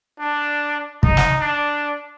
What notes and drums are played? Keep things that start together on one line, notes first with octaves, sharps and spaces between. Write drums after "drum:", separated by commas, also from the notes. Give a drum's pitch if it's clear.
D4
D#4, drum: kick
drum: snare
D4